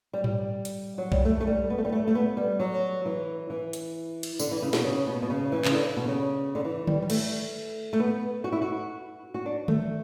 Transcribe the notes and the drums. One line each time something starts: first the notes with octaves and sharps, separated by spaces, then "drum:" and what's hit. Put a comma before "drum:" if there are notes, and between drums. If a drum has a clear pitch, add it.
G3
G3, drum: tom G#2
drum: hi-hat
F#3
G3, drum: kick B1
A3
A3
G3
B3
A3
G3
A3
A3
B3
G3
F#3
E3
E3
drum: hi-hat
drum: cymbal
D3, drum: tambourine
E3
C#3
B2, drum: snare
C#3
B2
B2
C#3
E3
C#3, drum: clap
D3
B2
C#3
D3
E3
G3, drum: tom D3
G3
A3, drum: cymbal
A3
B3
F#4
E4
F#4
F#4
D4
A3, drum: tom D3